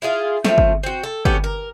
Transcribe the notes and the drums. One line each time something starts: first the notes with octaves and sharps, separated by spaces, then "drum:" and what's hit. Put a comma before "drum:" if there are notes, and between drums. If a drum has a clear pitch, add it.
E4 F4 G#4 F5
A3 C4 F4, drum: snare
drum: kick G1
C4 F#4
A4
A3 B3 C#4 G4, drum: kick G1
A#4